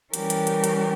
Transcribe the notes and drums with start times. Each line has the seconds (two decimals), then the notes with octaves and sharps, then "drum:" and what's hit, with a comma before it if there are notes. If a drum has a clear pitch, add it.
0.14 E3 G3 C#4 G4 A#4, drum: hi-hat
0.30 drum: hi-hat
0.47 drum: hi-hat
0.64 drum: hi-hat